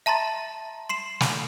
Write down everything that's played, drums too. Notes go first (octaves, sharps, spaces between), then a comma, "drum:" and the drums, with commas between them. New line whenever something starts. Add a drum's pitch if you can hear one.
E5 A5 A#5 C6 A6
C6 C7 E7
drum: snare